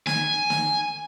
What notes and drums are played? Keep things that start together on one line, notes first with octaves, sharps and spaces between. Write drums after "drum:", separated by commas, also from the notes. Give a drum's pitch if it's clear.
G#5, drum: snare
drum: snare